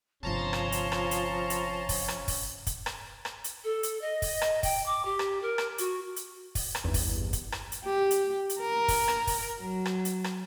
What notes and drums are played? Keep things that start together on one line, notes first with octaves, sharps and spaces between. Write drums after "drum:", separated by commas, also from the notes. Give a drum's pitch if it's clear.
G1 C3 F3 C#4 A5 A#5 C6
drum: rim click
drum: hi-hat
drum: rim click
drum: hi-hat
drum: hi-hat
drum: kick, open hi-hat
drum: rim click
drum: kick, open hi-hat
drum: kick, hi-hat
drum: rim click
drum: rim click
drum: hi-hat
A4
drum: hi-hat
D#5
drum: kick, open hi-hat
drum: rim click
G5, drum: kick, open hi-hat
D6
G4
drum: rim click
A#4
drum: rim click
F#4, drum: hi-hat
drum: hi-hat
drum: kick, open hi-hat
drum: rim click
G#1 E2 G2
drum: kick, open hi-hat
drum: kick, hi-hat
drum: rim click
drum: hi-hat
G4
drum: hi-hat
drum: hi-hat
A#4
drum: kick, open hi-hat
drum: rim click
drum: kick, open hi-hat
F#3
drum: rim click
drum: hi-hat
drum: rim click